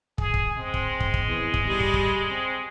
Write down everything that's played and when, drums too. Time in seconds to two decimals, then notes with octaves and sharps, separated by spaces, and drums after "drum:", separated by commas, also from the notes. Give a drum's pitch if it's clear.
0.18 G#4, drum: kick
0.34 drum: kick
0.57 G#3 C4
0.74 drum: kick
1.00 drum: kick
1.14 drum: kick
1.25 E2
1.54 drum: kick
1.67 G3
1.80 drum: kick
1.94 drum: kick
2.30 C4